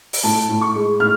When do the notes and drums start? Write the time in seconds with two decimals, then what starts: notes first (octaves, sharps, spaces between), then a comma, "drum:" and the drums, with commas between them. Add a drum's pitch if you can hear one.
0.13 drum: open hi-hat
0.23 A2 A5
0.49 A2
0.61 C#6
0.75 G#3
1.00 A2 F6